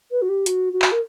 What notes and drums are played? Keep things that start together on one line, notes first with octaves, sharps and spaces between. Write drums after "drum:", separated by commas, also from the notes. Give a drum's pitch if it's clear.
B4
F#4
G4
F#4, drum: hi-hat
F#4
drum: clap
A#4